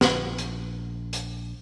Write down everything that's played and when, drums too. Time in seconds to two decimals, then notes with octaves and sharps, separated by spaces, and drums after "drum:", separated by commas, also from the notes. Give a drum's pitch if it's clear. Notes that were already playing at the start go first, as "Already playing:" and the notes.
0.01 A#1 A#2, drum: snare
0.38 drum: hi-hat
1.13 drum: hi-hat